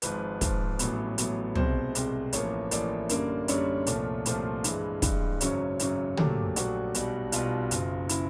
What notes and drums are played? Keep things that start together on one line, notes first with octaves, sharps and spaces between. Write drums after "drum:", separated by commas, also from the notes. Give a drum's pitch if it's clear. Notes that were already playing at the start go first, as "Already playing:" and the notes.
G#1 G#2 F3 B4, drum: hi-hat
G#1 G#2 F3, drum: kick, hi-hat
A1 A2 F#3 B3, drum: hi-hat
A1 A2 F#3 B3, drum: hi-hat
C2 B2 G#3 C4 C5, drum: tom
C2 B2 G#3 C4, drum: hi-hat
A1 A2 F3 A#3 C#5, drum: hi-hat
A1 A2 F3 A#3 D5, drum: hi-hat
F#2 D3 G3 A#3 C#4, drum: hi-hat
F#2 D3 G3 A#3 C#4 C#5, drum: hi-hat
C2 A#2 F3 A3, drum: hi-hat
C2 A#2 F3 A3 C5, drum: hi-hat
G2 E3 G#3, drum: hi-hat
G2 E3 G#3, drum: kick, hi-hat
G#1 F#2 C#3 F#3 C#5, drum: hi-hat
G#1 F#2 C#3 F#3, drum: hi-hat
A#1 A#2 F#3 A3 G4, drum: tom
A#1 A#2 F#3 A3 F#4, drum: hi-hat
B1 B2 G3, drum: hi-hat
B1 B2 G3 F4, drum: hi-hat
F#1 F#2 C#3, drum: hi-hat
C#3 E4, drum: hi-hat